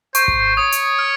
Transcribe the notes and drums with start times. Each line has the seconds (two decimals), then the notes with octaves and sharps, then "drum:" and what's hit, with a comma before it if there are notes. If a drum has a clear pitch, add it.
0.15 C5 C#6, drum: hi-hat
0.28 drum: kick G#1
0.57 C#5 D#6
0.72 drum: hi-hat
0.99 F6